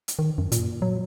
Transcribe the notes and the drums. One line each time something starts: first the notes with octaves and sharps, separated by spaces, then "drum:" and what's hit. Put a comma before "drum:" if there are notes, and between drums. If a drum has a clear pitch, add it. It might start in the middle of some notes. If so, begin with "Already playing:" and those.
drum: hi-hat
D#3
F#2
A#2, drum: hi-hat
F#3